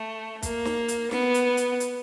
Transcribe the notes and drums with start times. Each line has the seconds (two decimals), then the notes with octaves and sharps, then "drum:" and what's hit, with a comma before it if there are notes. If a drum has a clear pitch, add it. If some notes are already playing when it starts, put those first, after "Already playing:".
Already playing: A3
0.42 A#3, drum: kick, hi-hat
0.65 drum: snare
0.88 drum: hi-hat
1.11 B3, drum: snare
1.34 drum: hi-hat
1.57 drum: hi-hat
1.80 drum: hi-hat